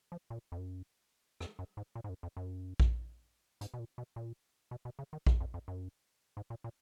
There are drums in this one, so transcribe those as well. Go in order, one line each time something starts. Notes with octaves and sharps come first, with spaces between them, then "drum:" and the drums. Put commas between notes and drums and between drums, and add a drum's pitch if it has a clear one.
F3
A#2
F2
F#2
F2, drum: rim click
F#2
G#2
A#2
G#2
F#2
F2
F#2
drum: kick A#1
G#2, drum: hi-hat
B2
A#2
B2
A#2
B2
B2
C#3
D#3
F2, drum: kick A#1
F2
F2
F#2
G#2
A#2
A#2